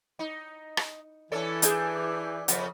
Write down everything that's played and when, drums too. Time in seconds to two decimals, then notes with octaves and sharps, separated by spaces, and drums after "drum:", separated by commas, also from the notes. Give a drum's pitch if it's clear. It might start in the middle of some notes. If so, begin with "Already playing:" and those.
0.19 D#4
0.77 drum: rim click
1.32 E3 C#4 D4 A4
1.62 D4 G#4 G#5 G6, drum: hi-hat
2.48 F2 C#3 B3, drum: hi-hat